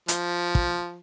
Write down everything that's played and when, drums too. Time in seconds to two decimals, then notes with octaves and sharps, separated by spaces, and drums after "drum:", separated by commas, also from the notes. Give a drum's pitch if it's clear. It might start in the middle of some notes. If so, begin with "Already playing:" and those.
0.08 F3, drum: hi-hat
0.55 drum: kick